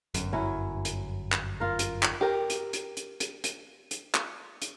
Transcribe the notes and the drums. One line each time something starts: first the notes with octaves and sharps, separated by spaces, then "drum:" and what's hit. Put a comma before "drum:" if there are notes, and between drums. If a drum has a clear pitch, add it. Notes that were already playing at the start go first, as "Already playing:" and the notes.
G1 F#2, drum: hi-hat
F#3 C#4 E4
drum: hi-hat
drum: clap
F4 A#4
drum: hi-hat
drum: clap
G4 A#4
drum: hi-hat
drum: hi-hat
drum: hi-hat
drum: hi-hat
drum: hi-hat
drum: hi-hat
drum: clap
drum: hi-hat